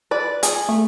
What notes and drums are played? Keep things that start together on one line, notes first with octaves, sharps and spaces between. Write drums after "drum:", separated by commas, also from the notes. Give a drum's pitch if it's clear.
B4 D5
G#4, drum: hi-hat
A3